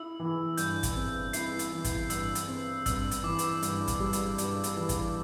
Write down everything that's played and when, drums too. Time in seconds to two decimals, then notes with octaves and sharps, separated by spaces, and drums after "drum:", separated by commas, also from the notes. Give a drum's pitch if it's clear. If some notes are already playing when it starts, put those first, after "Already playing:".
Already playing: E4 E6
0.20 E3
0.57 G2 G6, drum: hi-hat
0.83 drum: kick G1, hi-hat
0.96 C4
1.33 E4 C7, drum: hi-hat
1.59 drum: hi-hat
1.72 E3
1.84 drum: kick G1, hi-hat
2.10 G2 E6, drum: hi-hat
2.35 drum: hi-hat
2.48 C4
2.86 G2 E6, drum: kick G1, hi-hat
3.11 drum: hi-hat
3.23 E3 D6
3.39 D6, drum: hi-hat
3.63 G2, drum: hi-hat
3.87 drum: kick G1, hi-hat
4.00 G3
4.13 drum: hi-hat
4.38 G2, drum: hi-hat
4.64 drum: hi-hat
4.77 E3
4.89 drum: kick G1, hi-hat